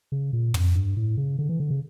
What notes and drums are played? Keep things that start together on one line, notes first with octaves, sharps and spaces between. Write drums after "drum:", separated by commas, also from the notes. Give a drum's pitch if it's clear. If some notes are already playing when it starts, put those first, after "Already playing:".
C#3
A#2
F2, drum: tom
G2
A2
C#3
D3
E3
D3
C#3